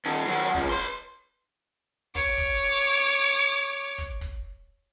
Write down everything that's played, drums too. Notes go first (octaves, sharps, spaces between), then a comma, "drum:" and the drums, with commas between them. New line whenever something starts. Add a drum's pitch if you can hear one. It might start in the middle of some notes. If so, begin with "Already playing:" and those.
A#2 D#3
D#3 F#3
C#2, drum: kick
B4 C6
C#5 D6, drum: kick
drum: kick
drum: kick
drum: kick